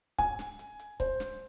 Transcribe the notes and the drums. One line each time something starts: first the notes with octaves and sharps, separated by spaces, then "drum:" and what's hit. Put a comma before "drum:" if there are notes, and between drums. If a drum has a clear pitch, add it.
G#5, drum: kick C#1, hi-hat
drum: snare
drum: hi-hat
drum: hi-hat
C5, drum: kick C#1, hi-hat
drum: snare